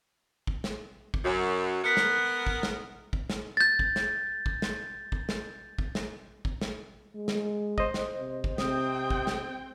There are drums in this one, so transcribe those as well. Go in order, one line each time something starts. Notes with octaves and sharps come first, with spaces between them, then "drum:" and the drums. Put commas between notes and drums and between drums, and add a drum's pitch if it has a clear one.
drum: kick
drum: snare
drum: kick
F#2 F#4
B3 A#4 F#6 B6 C#7
drum: snare
drum: kick
drum: snare
drum: kick
drum: snare
G6 A6
drum: kick
drum: snare
drum: kick
drum: snare
drum: kick
drum: snare
drum: kick
drum: snare
drum: kick
drum: snare
G#3
drum: snare
C5 D#5, drum: kick
drum: snare
C3
drum: kick
C3 C4 G5 D#6, drum: snare
drum: kick
drum: snare